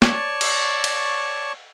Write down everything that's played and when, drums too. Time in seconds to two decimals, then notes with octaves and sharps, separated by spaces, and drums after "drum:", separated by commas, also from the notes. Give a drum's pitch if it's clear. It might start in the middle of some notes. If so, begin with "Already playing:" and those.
0.02 C#5 D5 A5 C#6, drum: snare
0.41 drum: cymbal
0.84 drum: cymbal